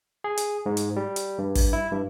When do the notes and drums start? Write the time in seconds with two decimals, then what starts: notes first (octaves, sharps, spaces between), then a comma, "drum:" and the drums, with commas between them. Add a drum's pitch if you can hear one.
0.24 G#4
0.37 drum: hi-hat
0.66 G#2
0.77 drum: hi-hat
0.96 G3
1.16 drum: hi-hat
1.38 G2
1.55 drum: kick, open hi-hat
1.73 E4
1.91 G2